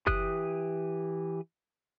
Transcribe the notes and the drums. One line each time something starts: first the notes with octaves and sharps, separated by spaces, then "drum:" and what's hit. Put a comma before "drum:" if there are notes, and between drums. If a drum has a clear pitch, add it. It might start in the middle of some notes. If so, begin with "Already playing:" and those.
E3 G4 D#6 F#6, drum: kick F#1